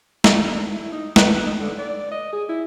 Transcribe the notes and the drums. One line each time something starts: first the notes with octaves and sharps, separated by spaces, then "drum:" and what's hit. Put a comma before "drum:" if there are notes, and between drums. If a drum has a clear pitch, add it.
D#3, drum: snare
D4
E4
D#4
B4, drum: snare
D#4
D3
D5
D#5
G#4
E4